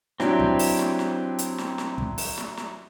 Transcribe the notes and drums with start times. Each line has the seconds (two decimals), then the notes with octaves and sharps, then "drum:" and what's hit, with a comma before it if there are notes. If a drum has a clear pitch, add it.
0.20 F#3 C4 D4 E4 G4, drum: snare
0.39 drum: kick
0.59 drum: open hi-hat
0.79 drum: snare
0.99 drum: snare
1.39 drum: hi-hat
1.58 drum: snare
1.78 drum: snare
1.98 drum: kick
2.18 drum: open hi-hat
2.38 drum: snare
2.57 drum: snare